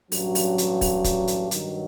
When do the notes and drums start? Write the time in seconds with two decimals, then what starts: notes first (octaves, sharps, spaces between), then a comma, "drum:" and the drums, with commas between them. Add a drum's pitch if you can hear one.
0.12 A1 G2 F#3, drum: open hi-hat
0.35 drum: open hi-hat
0.58 drum: hi-hat
0.81 drum: kick, open hi-hat
1.04 drum: kick, hi-hat
1.27 drum: hi-hat
1.51 G2 D#3 F#3, drum: hi-hat